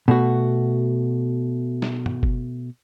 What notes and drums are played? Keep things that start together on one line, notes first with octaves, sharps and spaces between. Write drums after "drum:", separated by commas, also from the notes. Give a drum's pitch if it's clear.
B2 A3 F#4
drum: snare
drum: tom G2
drum: kick F#1